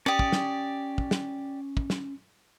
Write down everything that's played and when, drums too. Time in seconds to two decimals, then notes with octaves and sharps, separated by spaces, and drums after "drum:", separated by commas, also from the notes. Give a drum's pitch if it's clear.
0.06 C#4 G4 D5 D#6
0.19 drum: kick
0.32 drum: snare
0.98 drum: kick
1.11 drum: snare
1.77 drum: kick
1.90 drum: snare